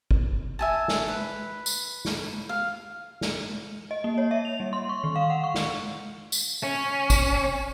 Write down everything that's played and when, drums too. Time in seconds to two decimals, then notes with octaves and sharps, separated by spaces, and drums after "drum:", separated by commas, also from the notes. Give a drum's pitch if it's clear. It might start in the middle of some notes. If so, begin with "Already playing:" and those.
0.11 drum: kick
0.59 E5 G#5 A5
0.88 drum: snare
1.08 B4
1.66 drum: tambourine
2.05 drum: snare
2.49 F5
3.21 drum: snare
3.91 D#5
4.04 A#3
4.18 C#5
4.31 E5
4.45 F7
4.60 G3
4.73 C6
4.89 C#6
5.04 D#3
5.16 F5
5.30 F#5
5.44 C#6
5.54 drum: snare
6.32 drum: tambourine
6.63 C#4
7.10 drum: kick, tambourine